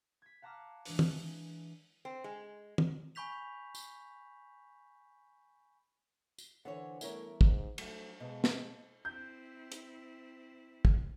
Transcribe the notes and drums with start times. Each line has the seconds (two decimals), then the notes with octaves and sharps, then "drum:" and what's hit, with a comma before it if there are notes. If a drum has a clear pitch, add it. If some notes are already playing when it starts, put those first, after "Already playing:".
0.22 G#6 B6
0.42 F5 F#5 A5 A#5 D6 F6
0.85 E3 G#3 D4 B4, drum: open hi-hat
0.99 drum: tom
2.05 C4
2.24 G#3
2.78 drum: tom
3.15 G#5 B5 C#6 G6 B6 F7
3.75 drum: tambourine
6.38 drum: tambourine
6.65 D3 E3 C5 C#5 F#5
7.01 E2 G2 D3 A3 E4 A#4 C#5, drum: tambourine
7.41 G#2, drum: kick
7.78 F3 F#3 A3 D4, drum: cymbal
8.20 B2 G#3 D#5 F5 A5
8.44 drum: snare
9.05 C4 E4 G6
9.72 drum: hi-hat
10.85 drum: kick